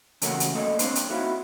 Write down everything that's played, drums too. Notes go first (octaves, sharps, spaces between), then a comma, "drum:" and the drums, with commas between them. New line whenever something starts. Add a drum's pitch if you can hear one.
E2 C#3 A3 A#3 F#4 F#5, drum: hi-hat
drum: hi-hat
A3 A#3 A4 D5 D#5
A#3 C4 D4 C5, drum: hi-hat
drum: hi-hat
D#4 E4 F#4 F5